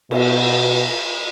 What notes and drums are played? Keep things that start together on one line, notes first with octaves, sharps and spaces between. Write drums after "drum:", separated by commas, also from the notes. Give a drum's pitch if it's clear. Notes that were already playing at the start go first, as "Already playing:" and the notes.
B2, drum: cymbal